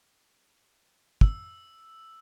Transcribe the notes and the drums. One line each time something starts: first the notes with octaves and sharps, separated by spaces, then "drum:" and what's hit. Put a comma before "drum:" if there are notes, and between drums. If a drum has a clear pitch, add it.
E6, drum: kick